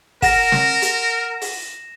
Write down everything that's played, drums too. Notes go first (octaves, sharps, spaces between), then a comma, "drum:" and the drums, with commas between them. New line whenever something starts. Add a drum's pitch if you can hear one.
A#4 F#5 A#6 E7, drum: kick, open hi-hat
drum: snare
drum: hi-hat
drum: open hi-hat